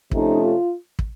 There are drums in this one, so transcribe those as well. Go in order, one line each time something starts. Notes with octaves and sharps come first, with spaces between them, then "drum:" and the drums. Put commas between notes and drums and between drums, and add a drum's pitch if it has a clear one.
C3 F3 A3 C#4 D#4, drum: kick
F4
drum: kick